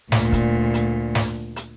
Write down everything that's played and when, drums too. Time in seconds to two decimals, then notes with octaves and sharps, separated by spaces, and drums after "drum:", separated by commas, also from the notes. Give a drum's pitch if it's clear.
0.12 D2 A#2, drum: snare
0.33 drum: kick, hi-hat
0.74 drum: hi-hat
1.15 drum: snare
1.56 drum: hi-hat